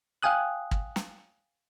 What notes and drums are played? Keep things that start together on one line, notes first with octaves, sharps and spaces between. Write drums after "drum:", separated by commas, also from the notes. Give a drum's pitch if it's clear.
F5 G5 G#5 D#6 F#6
drum: kick
drum: snare